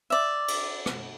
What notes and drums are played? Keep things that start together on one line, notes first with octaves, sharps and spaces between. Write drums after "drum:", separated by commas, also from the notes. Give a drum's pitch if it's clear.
D5 E5
drum: cymbal
drum: rim click